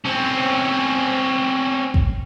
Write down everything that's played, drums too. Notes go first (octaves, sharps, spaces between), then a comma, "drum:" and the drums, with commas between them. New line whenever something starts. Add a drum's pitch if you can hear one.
C4 C#4
drum: kick A1